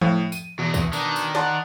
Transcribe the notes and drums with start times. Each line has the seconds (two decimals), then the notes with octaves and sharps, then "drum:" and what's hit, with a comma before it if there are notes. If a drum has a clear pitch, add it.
0.01 A2 F3
0.32 D#7, drum: tambourine
0.59 E2 B2
0.74 drum: kick, tambourine
0.93 D#3 D4, drum: tambourine
1.16 drum: tambourine
1.35 D5 F#5 A5 C6, drum: snare